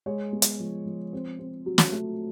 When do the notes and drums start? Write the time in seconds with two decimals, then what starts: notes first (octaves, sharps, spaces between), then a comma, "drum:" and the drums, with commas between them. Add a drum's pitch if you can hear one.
0.06 G#3 C#5
0.33 B3
0.42 drum: hi-hat
0.60 F3
0.86 F3
1.13 C4
1.39 C4
1.66 F#3
1.78 drum: snare
1.92 A3